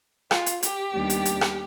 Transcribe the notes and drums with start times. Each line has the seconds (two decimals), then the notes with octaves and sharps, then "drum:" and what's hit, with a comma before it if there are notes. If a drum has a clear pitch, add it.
0.31 F4, drum: rim click
0.46 drum: hi-hat
0.63 G4, drum: hi-hat
0.94 D#2 D#3 G3 B3 D4
1.10 drum: hi-hat
1.25 drum: hi-hat
1.41 drum: rim click